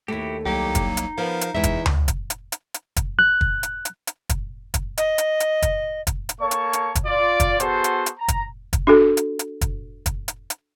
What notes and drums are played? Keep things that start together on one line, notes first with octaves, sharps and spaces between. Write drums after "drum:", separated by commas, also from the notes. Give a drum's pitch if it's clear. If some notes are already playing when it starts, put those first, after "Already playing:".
D#2 A3 E4 F#4 G4
C2 F#3 A#3 D#4 G4
drum: kick, hi-hat
drum: hi-hat
F3 B3 A#4 C5 F5
drum: hi-hat
E2 E3 G#3 E5
drum: kick, hi-hat
drum: tom D2
drum: kick, hi-hat
drum: hi-hat
drum: hi-hat
drum: hi-hat
drum: kick, hi-hat
F#6
drum: kick
drum: hi-hat
drum: hi-hat
drum: hi-hat
drum: kick, hi-hat
drum: kick, hi-hat
D#5, drum: hi-hat
drum: hi-hat
drum: hi-hat
drum: kick, hi-hat
drum: kick, hi-hat
drum: hi-hat
A#3 A4 C#5 A5 C#6
drum: hi-hat
drum: hi-hat
drum: kick, hi-hat
F4 D5
drum: kick, hi-hat
B3 F#4 G#4 A4 C5, drum: hi-hat
drum: hi-hat
drum: hi-hat
A#5
drum: kick, hi-hat
drum: kick, hi-hat
D4 F#4 A4
drum: hi-hat
drum: hi-hat
drum: kick, hi-hat
drum: kick, hi-hat
drum: hi-hat
drum: hi-hat